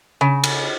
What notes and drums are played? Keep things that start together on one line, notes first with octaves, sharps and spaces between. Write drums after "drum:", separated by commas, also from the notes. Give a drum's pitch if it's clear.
C#3
drum: cymbal